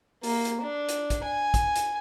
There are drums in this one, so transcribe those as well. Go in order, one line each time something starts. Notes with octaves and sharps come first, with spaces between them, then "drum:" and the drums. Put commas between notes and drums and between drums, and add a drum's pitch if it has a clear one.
A#3, drum: open hi-hat
drum: hi-hat
D4
drum: hi-hat
drum: kick, hi-hat
G#5
drum: kick, hi-hat
drum: hi-hat